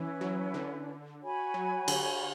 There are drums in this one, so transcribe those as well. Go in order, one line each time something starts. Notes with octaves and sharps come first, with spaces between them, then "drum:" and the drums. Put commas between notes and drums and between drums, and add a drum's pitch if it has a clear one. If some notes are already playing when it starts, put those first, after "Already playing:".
Already playing: E3 C#4 E4 B4
F#3
D3
F#4 C#5 G#5 B5
F#3
D3, drum: cymbal